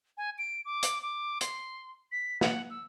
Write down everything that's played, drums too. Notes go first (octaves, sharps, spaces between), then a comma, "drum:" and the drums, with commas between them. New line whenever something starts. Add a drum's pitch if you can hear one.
G#5
D7
D6
drum: hi-hat
D6
C6, drum: hi-hat
B6
F#5, drum: snare
E6